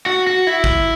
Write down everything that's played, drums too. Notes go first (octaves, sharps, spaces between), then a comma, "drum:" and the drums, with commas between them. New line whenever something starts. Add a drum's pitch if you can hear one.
F#4
F#4
E4
drum: kick